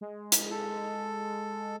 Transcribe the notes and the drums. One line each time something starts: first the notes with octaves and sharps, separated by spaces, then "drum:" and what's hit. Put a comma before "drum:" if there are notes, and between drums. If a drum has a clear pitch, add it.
G#3
drum: hi-hat
A4